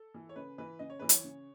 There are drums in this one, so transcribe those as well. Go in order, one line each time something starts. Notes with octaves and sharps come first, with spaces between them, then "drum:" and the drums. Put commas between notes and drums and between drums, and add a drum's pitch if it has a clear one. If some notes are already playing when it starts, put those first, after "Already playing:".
Already playing: A4
E3
C#5
C#3 B4
E3 B4
C#3 D#5
C#5
E3 B4
C#5, drum: hi-hat
C#3